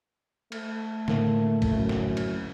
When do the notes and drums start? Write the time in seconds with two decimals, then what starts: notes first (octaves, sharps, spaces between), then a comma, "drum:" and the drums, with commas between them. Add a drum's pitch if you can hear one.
0.52 A3, drum: cymbal
1.08 A2 D3 A#3, drum: snare
1.62 drum: kick, cymbal
1.73 F#2
1.89 drum: snare
2.17 drum: cymbal